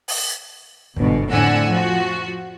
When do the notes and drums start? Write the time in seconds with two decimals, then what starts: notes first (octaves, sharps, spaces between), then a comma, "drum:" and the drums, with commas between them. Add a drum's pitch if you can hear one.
0.08 drum: open hi-hat
0.96 G1 G#2 B2, drum: kick
1.28 F2 A2 D3 F#5 G#5 E6
1.68 F3 F#4